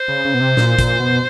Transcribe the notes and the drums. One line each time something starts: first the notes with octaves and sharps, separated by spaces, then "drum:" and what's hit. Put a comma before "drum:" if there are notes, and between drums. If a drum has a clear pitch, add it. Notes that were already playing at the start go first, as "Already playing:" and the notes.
Already playing: C5
C#3
C#3
B2
C3
A#2, drum: snare
A#2, drum: kick, hi-hat
B2